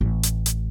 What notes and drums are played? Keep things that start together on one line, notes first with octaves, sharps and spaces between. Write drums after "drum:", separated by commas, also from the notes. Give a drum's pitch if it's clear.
A1
drum: hi-hat
drum: hi-hat